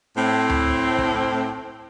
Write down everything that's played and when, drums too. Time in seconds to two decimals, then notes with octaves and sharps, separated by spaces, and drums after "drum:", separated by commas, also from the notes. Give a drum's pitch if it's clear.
0.17 A2 C4
0.50 drum: tom D2
0.98 drum: kick